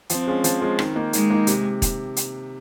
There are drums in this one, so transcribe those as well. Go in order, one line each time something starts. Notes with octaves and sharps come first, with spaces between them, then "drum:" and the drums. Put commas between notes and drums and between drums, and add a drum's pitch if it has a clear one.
F3 C4, drum: hi-hat
G#3 C#4 F4
F3, drum: hi-hat
G#3 C#4 F4
D#3, drum: rim click
A#3 D#4
D#3 G#3, drum: hi-hat
A#3 D#4
C3, drum: hi-hat
drum: kick E1, hi-hat
drum: hi-hat